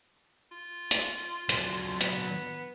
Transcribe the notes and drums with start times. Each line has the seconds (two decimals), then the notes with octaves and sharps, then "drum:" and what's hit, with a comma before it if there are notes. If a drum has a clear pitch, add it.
0.52 F4
0.91 drum: hi-hat
1.49 F#3 D4, drum: hi-hat
2.01 B3, drum: hi-hat